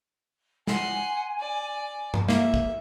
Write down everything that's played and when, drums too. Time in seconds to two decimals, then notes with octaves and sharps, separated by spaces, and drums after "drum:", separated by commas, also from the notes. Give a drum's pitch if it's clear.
0.67 F#5 G#5 C6, drum: snare
1.40 D5
2.14 drum: tom G2
2.28 A#3 E5, drum: snare
2.54 drum: kick